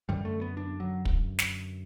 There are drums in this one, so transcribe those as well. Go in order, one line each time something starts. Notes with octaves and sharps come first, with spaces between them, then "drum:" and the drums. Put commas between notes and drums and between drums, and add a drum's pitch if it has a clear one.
F#2 D3 G3
A3
B3
D4
F#3
drum: kick
drum: snare